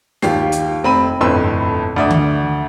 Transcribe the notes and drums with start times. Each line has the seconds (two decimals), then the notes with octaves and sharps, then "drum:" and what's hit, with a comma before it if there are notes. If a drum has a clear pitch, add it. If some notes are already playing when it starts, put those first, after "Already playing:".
0.22 D#2 F4 G4 C7, drum: snare
0.52 drum: hi-hat
0.83 F1 C4 B5 D#7
1.21 G1 F2 A2 B4 C6 E6
1.96 D2 D5 E5 D#6
2.10 drum: tom D3